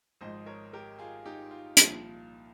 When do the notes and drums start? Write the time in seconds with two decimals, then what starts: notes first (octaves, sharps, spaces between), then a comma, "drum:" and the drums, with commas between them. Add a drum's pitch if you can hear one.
0.21 G#1 G#2 F3 C5 D#5
0.46 A#4 C#5
0.73 G4 A#4
0.99 F4 G#4
1.25 D#4 G4
1.51 F4
1.77 C2 A#2 F3, drum: hi-hat